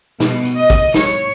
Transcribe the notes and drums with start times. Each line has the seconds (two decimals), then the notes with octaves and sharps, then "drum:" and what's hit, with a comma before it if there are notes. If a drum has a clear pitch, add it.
0.20 B2, drum: snare
0.45 drum: hi-hat
0.57 D#5
0.70 drum: kick, hi-hat
0.94 C#5, drum: snare